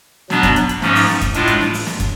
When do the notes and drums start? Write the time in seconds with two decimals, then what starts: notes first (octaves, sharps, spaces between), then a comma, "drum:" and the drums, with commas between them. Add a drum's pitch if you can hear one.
0.30 B2 F#3 B3 D4, drum: snare
0.43 drum: kick, hi-hat
0.56 drum: hi-hat
0.69 drum: hi-hat
0.82 G#2 F3 A3 C#4, drum: snare
0.95 drum: open hi-hat
1.08 drum: snare
1.21 drum: kick, hi-hat
1.34 A2 G#3 D4 F4, drum: hi-hat
1.47 drum: hi-hat
1.61 drum: snare
1.74 drum: open hi-hat
1.87 drum: snare
2.00 drum: kick, hi-hat